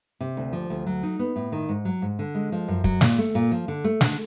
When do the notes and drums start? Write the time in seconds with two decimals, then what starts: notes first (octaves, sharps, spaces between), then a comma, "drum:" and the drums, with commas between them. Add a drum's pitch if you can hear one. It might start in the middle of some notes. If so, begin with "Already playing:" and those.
0.20 C3
0.37 D2
0.52 F3
0.70 D2
0.86 F#3
1.03 D#4
1.19 B3
1.36 A2
1.52 D#3
1.69 G#2
1.85 F#3
2.02 G#2
2.19 D3
2.35 G#3
2.52 F3
2.68 F#2
2.84 F#3, drum: kick
3.01 A#2, drum: snare
3.18 A3
3.35 A#2
3.52 F3
3.68 D3
3.84 A3
4.01 D3, drum: snare